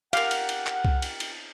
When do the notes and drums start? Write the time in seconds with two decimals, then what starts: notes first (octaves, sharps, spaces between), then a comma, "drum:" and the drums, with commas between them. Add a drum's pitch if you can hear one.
0.13 G4 A#4 F5 F#5, drum: cymbal
0.31 drum: cymbal
0.49 drum: cymbal
0.67 drum: clap
0.85 drum: kick C2
1.02 drum: cymbal
1.20 drum: cymbal